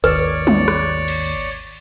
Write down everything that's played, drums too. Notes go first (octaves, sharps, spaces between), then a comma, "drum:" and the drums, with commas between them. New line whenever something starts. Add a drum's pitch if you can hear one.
G#1 D#2 B4 C#5 D5, drum: hi-hat
drum: tom
drum: rim click
drum: cymbal